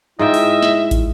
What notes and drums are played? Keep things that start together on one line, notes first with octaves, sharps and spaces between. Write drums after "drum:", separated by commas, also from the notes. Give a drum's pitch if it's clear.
G#2 E4 F4 D#5 E5 G5
drum: open hi-hat
drum: snare
drum: kick, hi-hat